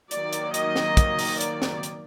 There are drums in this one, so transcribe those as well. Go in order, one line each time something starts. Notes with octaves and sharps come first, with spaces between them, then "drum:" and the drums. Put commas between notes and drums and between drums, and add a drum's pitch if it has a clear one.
D#3 F#3 A#3 D5, drum: hi-hat
drum: hi-hat
D#5, drum: hi-hat
drum: snare
drum: kick, hi-hat
drum: open hi-hat
D5, drum: hi-hat
drum: snare
drum: hi-hat